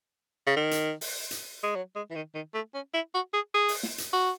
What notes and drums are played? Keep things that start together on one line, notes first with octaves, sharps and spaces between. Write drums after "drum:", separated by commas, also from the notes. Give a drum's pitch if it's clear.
C#3
D#3
drum: hi-hat
drum: open hi-hat
drum: hi-hat
G#3
F#3
G#3
E3
D#3
D#3
A3
C#4
E4
F#4
G#4
G#4
drum: open hi-hat
drum: snare
drum: hi-hat
F#4